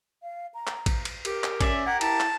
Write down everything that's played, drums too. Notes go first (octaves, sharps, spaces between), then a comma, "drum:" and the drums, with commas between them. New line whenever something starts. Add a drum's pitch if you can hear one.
F5
A#5
drum: clap
drum: kick A1, cymbal
drum: cymbal
G4 A#4, drum: cymbal
drum: clap
C#4 D5 E5, drum: kick A1, cymbal
G4 A#4 F#5 G#6
E4 A5, drum: cymbal
drum: clap